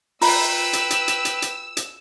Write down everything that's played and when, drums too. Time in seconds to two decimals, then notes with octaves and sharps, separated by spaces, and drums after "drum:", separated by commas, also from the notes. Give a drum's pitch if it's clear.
0.22 F4 B4 G5 A#5 B5 E6, drum: open hi-hat
0.73 drum: hi-hat
0.90 drum: hi-hat
1.08 drum: hi-hat
1.25 drum: hi-hat
1.42 drum: hi-hat
1.77 drum: hi-hat